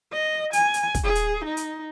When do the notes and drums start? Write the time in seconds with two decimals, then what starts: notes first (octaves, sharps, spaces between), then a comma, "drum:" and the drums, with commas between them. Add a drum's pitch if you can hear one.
0.12 D#5
0.53 G#5, drum: hi-hat
0.74 drum: hi-hat
0.94 drum: kick, hi-hat
1.04 G#4
1.15 drum: hi-hat
1.45 D#4
1.57 drum: hi-hat